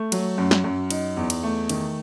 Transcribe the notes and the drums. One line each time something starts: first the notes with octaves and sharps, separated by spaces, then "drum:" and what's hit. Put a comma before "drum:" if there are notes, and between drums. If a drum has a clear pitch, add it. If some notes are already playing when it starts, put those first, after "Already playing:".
Already playing: A3
F#3, drum: cymbal
F#2
drum: snare
F#2
D#4, drum: cymbal
E2
drum: cymbal
A3
D#3, drum: cymbal